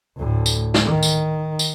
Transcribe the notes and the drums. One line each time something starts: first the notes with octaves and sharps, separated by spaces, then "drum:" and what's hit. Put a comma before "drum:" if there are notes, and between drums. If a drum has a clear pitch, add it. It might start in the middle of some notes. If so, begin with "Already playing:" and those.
D2 A2
drum: tambourine
drum: snare
D#3
drum: tambourine
drum: tambourine